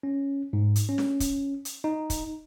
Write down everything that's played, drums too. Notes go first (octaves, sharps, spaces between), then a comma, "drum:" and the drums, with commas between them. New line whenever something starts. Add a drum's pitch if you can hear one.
C#4
G#2
drum: hi-hat
C#4
drum: snare
drum: kick, hi-hat
drum: hi-hat
D#4
drum: kick, hi-hat